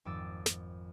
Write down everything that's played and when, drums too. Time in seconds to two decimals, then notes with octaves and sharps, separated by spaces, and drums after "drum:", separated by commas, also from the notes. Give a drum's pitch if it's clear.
0.05 G#1 F2 D6 E6 A6
0.46 drum: snare